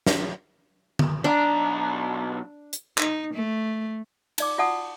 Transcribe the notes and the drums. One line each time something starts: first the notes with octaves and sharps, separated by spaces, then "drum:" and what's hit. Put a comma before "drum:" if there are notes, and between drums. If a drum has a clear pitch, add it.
drum: snare
drum: tom
B1 D4 A#5
drum: hi-hat
D#4, drum: clap
A3
D#4 D5 D6, drum: cymbal
F4 F#4 D5 F#5 A5 D#6